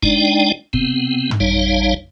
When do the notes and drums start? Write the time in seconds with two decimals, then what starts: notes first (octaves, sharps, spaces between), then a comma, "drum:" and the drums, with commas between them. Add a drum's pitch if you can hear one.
0.03 G#3 D4 D#4 D5 G5, drum: kick F#1
0.73 C3 B3 C4, drum: kick F#1
1.31 drum: tom
1.40 A1 G3 D#4 C#5 F5